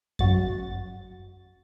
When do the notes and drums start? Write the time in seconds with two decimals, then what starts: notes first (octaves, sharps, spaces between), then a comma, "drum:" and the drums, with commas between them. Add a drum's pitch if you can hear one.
0.19 F#2 F#4 A6, drum: kick F#2